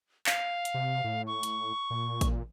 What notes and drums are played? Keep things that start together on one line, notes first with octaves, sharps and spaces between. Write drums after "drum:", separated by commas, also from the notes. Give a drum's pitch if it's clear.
F5, drum: clap
drum: hi-hat
C3
A2
C#6
drum: hi-hat
A#2
drum: kick, hi-hat